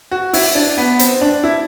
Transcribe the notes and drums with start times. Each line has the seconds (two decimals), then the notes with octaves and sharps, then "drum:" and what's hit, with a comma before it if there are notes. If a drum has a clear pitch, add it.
0.11 F#4
0.33 E4, drum: open hi-hat
0.55 D4
0.77 B3
0.99 C4, drum: hi-hat
1.21 D4
1.44 E4